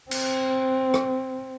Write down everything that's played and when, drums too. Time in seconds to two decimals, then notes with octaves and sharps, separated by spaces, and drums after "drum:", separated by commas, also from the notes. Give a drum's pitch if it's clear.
0.11 C4, drum: cymbal
0.94 drum: rim click